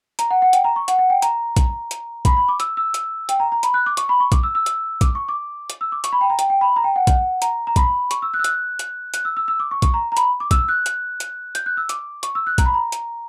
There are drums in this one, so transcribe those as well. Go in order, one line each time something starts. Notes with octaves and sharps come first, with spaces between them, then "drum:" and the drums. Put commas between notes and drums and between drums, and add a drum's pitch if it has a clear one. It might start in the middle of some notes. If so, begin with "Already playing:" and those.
A#5, drum: hi-hat
F#5
F#5
G5, drum: hi-hat
A#5
C#6
F#5, drum: hi-hat
F#5
G5
A#5, drum: hi-hat
drum: kick A#1, hi-hat
drum: hi-hat
B5, drum: kick A#1, hi-hat
B5
D6
E6, drum: hi-hat
E6
drum: hi-hat
G5, drum: hi-hat
A#5
A#5
B5, drum: hi-hat
F#6
D6
C#6, drum: hi-hat
B5
C#6
D6, drum: kick A#1, hi-hat
E6
E6
drum: hi-hat
D6, drum: kick A#1, hi-hat
C#6
D6
drum: hi-hat
E6
D6
C#6, drum: hi-hat
B5
G5
A#5
G5, drum: hi-hat
G5
B5
A#5
G5
F#5
drum: kick A#1, hi-hat
A#5, drum: hi-hat
A#5
B5, drum: kick A#1, hi-hat
C#6, drum: hi-hat
E6
F#6
E6
F#6, drum: hi-hat
drum: hi-hat
F#6, drum: hi-hat
E6
E6
E6
D6
C#6
C#6, drum: kick A#1, hi-hat
A#5
A#5
B5, drum: hi-hat
D6
E6, drum: kick A#1, hi-hat
F#6
drum: hi-hat
drum: hi-hat
G6, drum: hi-hat
F#6
E6
D6, drum: hi-hat
C#6, drum: hi-hat
E6
F#6
A#5, drum: kick A#1, hi-hat
B5
A#5
drum: hi-hat